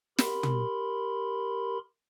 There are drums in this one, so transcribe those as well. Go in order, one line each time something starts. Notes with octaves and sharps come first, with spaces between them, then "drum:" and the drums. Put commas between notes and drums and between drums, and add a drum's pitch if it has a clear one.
G4 A#4 B5 C6, drum: snare
drum: tom